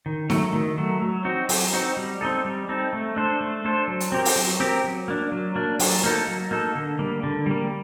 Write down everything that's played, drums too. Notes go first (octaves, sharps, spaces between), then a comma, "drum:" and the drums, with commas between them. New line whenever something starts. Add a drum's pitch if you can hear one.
D#3
F#3 A3, drum: snare D#4
D#3
F#3 A3
F#3
C4 D#4 F#4
F#3, drum: open hi-hat
C4 D#4 F#4
G3
C4 D#4 A4
G3
C4 D#4 A4
A3
D4 A4 C5
A3
D4 A4 C5
F#3
drum: hi-hat
C4 G4 A#4
drum: open hi-hat
F#3
C4 G4 A#4
F#3
A#3 D4
F#3
A#3 D4
F#3, drum: open hi-hat
A#3 D#4 A4
F#3
A#3 D#4 A4
D3
G3 A#3
D3
G3 A#3